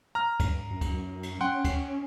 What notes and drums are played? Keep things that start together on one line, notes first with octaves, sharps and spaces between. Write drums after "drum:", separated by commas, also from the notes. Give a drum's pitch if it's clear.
A#5 F6
G2, drum: kick, cymbal
F#2
drum: kick, cymbal
drum: cymbal
C#4 F#5 G5 C6
drum: kick, cymbal